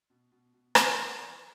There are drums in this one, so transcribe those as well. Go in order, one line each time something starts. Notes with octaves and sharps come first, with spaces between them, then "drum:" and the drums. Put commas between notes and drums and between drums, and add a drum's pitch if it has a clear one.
B2
B2
B2
B2, drum: rim click
A3
E3